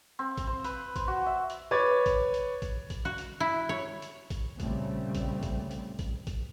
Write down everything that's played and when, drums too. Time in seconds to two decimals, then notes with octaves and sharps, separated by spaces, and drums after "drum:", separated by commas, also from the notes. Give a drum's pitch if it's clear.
0.19 C4
0.37 drum: kick A1, hi-hat
0.47 C5
0.64 B4, drum: hi-hat
0.96 C5, drum: kick A1, hi-hat
1.08 F#4
1.26 E5
1.50 drum: hi-hat
1.71 B4 C#5 D6 G#6 A6
2.06 drum: kick A1, hi-hat
2.34 drum: hi-hat
2.62 drum: kick A1, hi-hat
2.90 drum: kick A1, hi-hat
3.05 F#4
3.18 drum: hi-hat
3.40 E4
3.69 C#5
4.02 drum: hi-hat
4.30 drum: kick A1, hi-hat
4.60 A#2 C#3 G3 A3 C4, drum: kick A1, hi-hat
5.15 drum: kick A1, hi-hat
5.43 drum: kick A1, hi-hat
5.71 drum: hi-hat
5.99 drum: kick A1, hi-hat
6.27 drum: kick A1, hi-hat